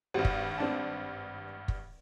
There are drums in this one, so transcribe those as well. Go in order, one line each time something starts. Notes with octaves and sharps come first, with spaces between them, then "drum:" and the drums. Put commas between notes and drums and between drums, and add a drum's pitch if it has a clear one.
G#1 G2 G3 F#4 C5
drum: kick
C4 D4 A5
drum: kick